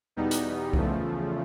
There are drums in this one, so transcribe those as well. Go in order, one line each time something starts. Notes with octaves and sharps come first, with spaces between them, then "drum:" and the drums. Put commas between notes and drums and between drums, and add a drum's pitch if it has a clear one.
E2 B2 G3 B3 D#4
drum: hi-hat
E2 C#3 F3 A3, drum: kick C2